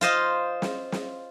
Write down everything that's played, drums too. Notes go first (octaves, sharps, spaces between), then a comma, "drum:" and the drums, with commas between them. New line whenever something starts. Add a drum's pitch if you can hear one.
F4 C5 D#5 F5
drum: snare
drum: snare